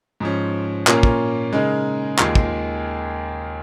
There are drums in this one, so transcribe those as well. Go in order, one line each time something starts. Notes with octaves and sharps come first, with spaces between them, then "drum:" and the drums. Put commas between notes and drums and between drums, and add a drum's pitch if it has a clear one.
G#2 F3 C#4
A#2 A#3 C#4 F4 A#4, drum: clap
drum: kick
C#3 G#3 D#4 A#4
D#2 D#3 G#3 F4 G#4, drum: clap
drum: kick